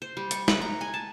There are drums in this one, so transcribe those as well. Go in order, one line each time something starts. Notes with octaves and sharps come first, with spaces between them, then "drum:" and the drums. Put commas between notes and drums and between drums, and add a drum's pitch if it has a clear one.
C5
G3
C#6, drum: hi-hat
F#5, drum: snare
A#5
G#5
A5